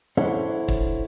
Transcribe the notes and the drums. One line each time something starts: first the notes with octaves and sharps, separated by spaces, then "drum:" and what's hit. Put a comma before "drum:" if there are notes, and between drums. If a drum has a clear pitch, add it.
D4 E4 A4 C5 C#5 F#5
drum: kick